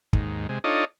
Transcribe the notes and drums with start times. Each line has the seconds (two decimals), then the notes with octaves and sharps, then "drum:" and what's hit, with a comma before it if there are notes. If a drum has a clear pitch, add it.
0.13 D#2 G#2, drum: kick
0.49 C3 G#3
0.64 D4 D#4 F4 A4 C#5 D#5